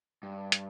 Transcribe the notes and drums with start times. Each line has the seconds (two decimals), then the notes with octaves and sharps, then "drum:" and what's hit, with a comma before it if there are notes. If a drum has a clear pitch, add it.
0.23 G2
0.52 drum: hi-hat